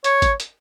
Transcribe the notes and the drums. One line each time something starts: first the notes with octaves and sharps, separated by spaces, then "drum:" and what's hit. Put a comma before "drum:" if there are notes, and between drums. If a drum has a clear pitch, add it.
C#5, drum: hi-hat
drum: kick G#1, hi-hat
drum: hi-hat